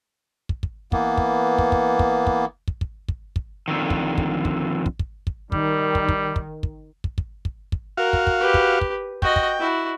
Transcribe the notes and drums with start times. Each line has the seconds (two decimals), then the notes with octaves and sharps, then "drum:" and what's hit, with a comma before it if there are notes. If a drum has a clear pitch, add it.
0.49 drum: kick
0.63 drum: kick
0.92 E3 A#3 B3, drum: kick
1.17 drum: kick
1.58 drum: kick
1.72 drum: kick
1.99 drum: kick
2.27 drum: kick
2.68 drum: kick
2.81 drum: kick
3.08 drum: kick
3.36 drum: kick
3.68 F2 D3 D#3
3.90 drum: kick
4.18 drum: kick
4.45 drum: kick
4.86 drum: kick
4.99 drum: kick
5.27 drum: kick
5.52 D#3 G3, drum: kick
5.95 drum: kick
6.09 drum: kick
6.36 drum: kick
6.63 drum: kick
7.04 drum: kick
7.18 drum: kick
7.45 drum: kick
7.72 drum: kick
7.97 F#4 A#4 F5
8.13 drum: kick
8.27 drum: kick
8.40 G4 B4
8.54 drum: kick
8.81 drum: kick
9.22 F#4 D#5 G5, drum: kick
9.36 drum: kick
9.59 E4 F#4